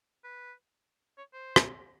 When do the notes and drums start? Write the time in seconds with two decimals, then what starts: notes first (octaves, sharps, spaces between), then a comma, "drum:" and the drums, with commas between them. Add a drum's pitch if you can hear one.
0.24 B4
1.18 C#5
1.33 C5
1.56 drum: rim click